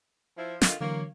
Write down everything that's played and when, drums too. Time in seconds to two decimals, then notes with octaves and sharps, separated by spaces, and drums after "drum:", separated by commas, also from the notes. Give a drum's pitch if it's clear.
0.37 F3 E4
0.62 D3 D#3 F4, drum: snare
0.81 D3 E3 F#3 A#3 C#5